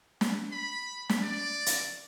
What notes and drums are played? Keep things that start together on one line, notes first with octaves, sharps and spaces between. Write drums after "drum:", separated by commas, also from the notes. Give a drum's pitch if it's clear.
drum: snare
B5
drum: snare
D5
drum: hi-hat